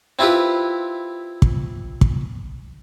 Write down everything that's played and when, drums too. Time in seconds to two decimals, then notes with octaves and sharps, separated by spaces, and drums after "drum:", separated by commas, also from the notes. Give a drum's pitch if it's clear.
0.19 C4 E4 F4 G4 B4
1.42 drum: kick
2.01 drum: kick